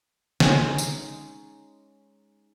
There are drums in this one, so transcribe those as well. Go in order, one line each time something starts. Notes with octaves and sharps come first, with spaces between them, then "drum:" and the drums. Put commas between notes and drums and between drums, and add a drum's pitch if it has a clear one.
G#3 C#4 D#4, drum: snare
drum: tambourine